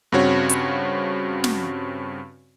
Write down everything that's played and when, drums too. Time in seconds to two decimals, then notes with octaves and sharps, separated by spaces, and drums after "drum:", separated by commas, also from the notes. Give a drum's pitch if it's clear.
0.12 G2 C#3 C4 F#4 C#5
0.49 drum: hi-hat
1.44 drum: snare